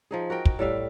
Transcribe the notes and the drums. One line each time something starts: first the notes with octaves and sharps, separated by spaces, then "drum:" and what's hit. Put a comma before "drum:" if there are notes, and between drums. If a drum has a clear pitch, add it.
F3 D#4 G#4
F#4 A#4 G5
drum: kick
A2 G3 E5 F5